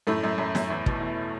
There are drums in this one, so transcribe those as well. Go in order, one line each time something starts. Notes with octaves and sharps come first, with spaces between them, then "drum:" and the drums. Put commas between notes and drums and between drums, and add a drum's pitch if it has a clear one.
F#2 A2 A3
F#2
F#2
F#2, drum: snare
E2
B2, drum: kick
E2